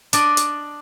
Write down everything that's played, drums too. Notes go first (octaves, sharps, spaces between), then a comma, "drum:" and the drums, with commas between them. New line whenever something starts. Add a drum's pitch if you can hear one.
D4 D5 D#5, drum: hi-hat
drum: hi-hat